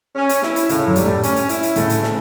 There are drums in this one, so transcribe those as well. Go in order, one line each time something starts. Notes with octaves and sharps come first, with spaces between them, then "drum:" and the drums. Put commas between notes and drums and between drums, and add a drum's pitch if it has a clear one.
C#4
drum: hi-hat
E4, drum: snare
drum: hi-hat
A2 C#3 C#4, drum: hi-hat
F#2 F#3
G3, drum: hi-hat
A2 A3
C#4, drum: hi-hat
drum: hi-hat
E4, drum: hi-hat
drum: hi-hat
A2 C#3 A3, drum: hi-hat
drum: hi-hat
E3, drum: snare